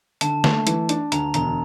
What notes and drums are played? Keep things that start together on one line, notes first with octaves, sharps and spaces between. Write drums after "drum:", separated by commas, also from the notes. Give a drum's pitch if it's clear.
D3 A5, drum: hi-hat
A3, drum: snare
E3, drum: hi-hat
D4, drum: hi-hat
D2 A#5, drum: hi-hat
E1 A#5, drum: hi-hat